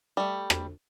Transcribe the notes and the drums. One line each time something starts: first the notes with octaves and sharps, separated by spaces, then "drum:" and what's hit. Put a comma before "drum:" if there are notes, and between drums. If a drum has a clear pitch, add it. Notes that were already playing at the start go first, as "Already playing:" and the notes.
G3 A3
drum: rim click